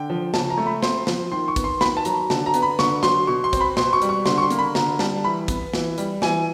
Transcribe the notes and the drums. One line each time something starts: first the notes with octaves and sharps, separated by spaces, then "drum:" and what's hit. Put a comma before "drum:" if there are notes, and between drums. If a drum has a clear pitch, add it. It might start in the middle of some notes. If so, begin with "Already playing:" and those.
Already playing: D3 G5
F3
C#3 A5, drum: snare
A#5
A3
B5
C4 C6, drum: snare
F3, drum: snare
D#3 C6
C#6
B3, drum: kick, hi-hat
C6
D#3 B5, drum: snare
A5
F#3 A#5, drum: hi-hat
D3 A5, drum: snare
A#5
B3, drum: hi-hat
B5
D3 C#6, drum: snare
F#3 C6, drum: snare
B2 C#6
C6
C4, drum: kick, hi-hat
B5
B2 C6, drum: snare
C#6
G3, drum: hi-hat
C#6
D3 C6, drum: snare
C#6
C6
A#3, drum: hi-hat
B5
D3 A#5, drum: snare
G3 A5, drum: snare
E3 B5
B3, drum: kick, hi-hat
E3, drum: snare
G3, drum: hi-hat
E3 G#5, drum: snare